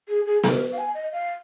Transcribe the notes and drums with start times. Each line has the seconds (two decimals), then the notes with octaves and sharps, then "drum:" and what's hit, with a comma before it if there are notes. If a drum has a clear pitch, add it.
0.08 G#4
0.26 G#4
0.44 A#4, drum: snare B3
0.73 F5
0.78 G#5
0.95 D#5
1.12 F5